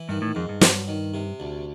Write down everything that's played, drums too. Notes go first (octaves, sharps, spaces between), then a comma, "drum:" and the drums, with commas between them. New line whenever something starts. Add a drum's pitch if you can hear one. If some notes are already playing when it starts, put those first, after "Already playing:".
Already playing: E3
G2 D#3
A2
F2 G#2
G2
F#3, drum: snare
D#3
C3
D2